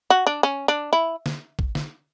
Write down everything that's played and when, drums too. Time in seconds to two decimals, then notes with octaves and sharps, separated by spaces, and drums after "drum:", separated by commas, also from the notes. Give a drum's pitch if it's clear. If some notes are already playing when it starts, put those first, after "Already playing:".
0.10 F#4
0.27 D4
0.43 C#4
0.68 D4
0.93 E4
1.26 drum: snare
1.59 drum: kick
1.75 drum: snare